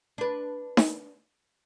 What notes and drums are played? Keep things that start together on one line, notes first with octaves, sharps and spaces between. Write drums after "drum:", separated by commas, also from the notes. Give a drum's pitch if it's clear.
D4 B4
drum: snare D#4